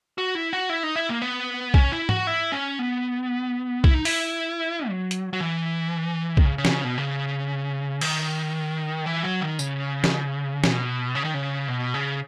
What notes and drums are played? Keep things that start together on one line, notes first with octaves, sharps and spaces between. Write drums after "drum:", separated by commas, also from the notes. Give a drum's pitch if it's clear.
F#4
E4
F#4
E4
D#4
E4
A#3
B3
C#4, drum: kick
E4
F#4, drum: tom G#2
E4
C#4
B3
E4, drum: kick
D#4
E4, drum: open hi-hat
F#3
drum: hi-hat
F#3
E3
D#3, drum: kick
C#3
C#3
B2, drum: snare
C#3
B2
C#3
D#3, drum: cymbal
E3
F#3
D#3
C#3, drum: tambourine
drum: snare
B2, drum: snare
C#3
D#3
C#3
B2
C#3